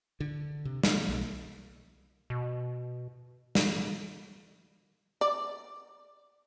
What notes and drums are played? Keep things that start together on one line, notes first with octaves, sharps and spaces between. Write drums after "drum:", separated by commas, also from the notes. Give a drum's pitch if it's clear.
D3
C3
A#3, drum: snare
B1
B2
drum: snare
D5